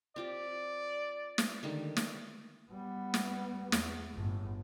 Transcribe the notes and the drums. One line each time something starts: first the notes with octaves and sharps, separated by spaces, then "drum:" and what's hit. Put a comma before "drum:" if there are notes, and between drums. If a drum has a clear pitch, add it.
C4 F4 G4 D5
drum: snare
D3 D#3 G3
drum: snare
G3 B3
drum: snare
E2, drum: snare
G1 A2